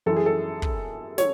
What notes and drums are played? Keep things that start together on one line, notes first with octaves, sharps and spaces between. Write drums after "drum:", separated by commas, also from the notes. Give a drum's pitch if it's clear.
F#2 E3 A4
G#4
A4
drum: kick
C#5, drum: snare